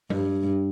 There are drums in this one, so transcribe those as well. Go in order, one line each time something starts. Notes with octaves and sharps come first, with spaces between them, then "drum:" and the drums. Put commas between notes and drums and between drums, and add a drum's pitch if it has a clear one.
G2, drum: tom G3